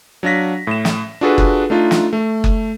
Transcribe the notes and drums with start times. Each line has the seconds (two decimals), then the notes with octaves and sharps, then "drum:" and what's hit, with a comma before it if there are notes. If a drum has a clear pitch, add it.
0.23 F#3 D4 F5 A#6 B6
0.67 A2 E7
0.85 drum: snare
1.21 D4 F4 F#4 G#4 A4 B4
1.38 drum: kick F#1
1.70 A3 D4 D#4 F4
1.91 drum: snare
2.13 A3
2.44 drum: kick F#1